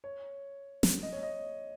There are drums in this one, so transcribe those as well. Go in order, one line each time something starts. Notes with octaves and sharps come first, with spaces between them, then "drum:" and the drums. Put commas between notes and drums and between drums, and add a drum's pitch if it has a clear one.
C#5
drum: snare
D#5
C#5
D#5